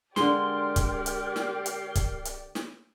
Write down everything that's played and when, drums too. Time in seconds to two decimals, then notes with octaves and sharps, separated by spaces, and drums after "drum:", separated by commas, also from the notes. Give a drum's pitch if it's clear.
0.16 D3 G#3 G4 A#4 D5 C6, drum: snare
0.76 drum: kick, hi-hat
1.06 drum: hi-hat
1.36 drum: snare
1.66 drum: hi-hat
1.95 drum: kick, hi-hat
2.25 drum: hi-hat
2.55 drum: snare